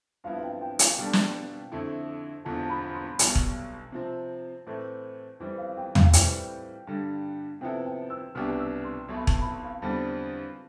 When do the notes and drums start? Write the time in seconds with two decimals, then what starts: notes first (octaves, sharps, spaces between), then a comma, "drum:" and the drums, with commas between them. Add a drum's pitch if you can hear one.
0.24 G2 F3 B3 E4 F5
0.38 F5
0.43 G5
0.61 G5
0.79 F5, drum: hi-hat
0.98 B2 G3 D4 A4 G5
1.13 drum: snare
1.72 F2 D3 A3 E4
2.45 E1 E2 D3 F3 A5
2.62 A5
2.70 B5
2.94 C6
3.19 B1 B2 G3 A5, drum: hi-hat
3.35 drum: kick E1
3.92 C3 F3 C4
4.67 A2 E3 A3 C4
5.40 F2 E3 G3 C4
5.58 F5
5.77 G5
5.95 F5, drum: tom
6.13 A2 E3 G3 C4 G5, drum: hi-hat
6.87 G2 D3 G3
7.61 C3 F3 B3 E4 A4 G5
7.85 G5
8.10 E6
8.35 C2 B2 B3 D4 G4 F6
8.59 E6
8.84 C6
9.08 B1 B2 A3
9.16 B5
9.27 A5, drum: kick E1
9.41 B5
9.45 A5
9.64 F5
9.82 E2 D3 G3 C4 A5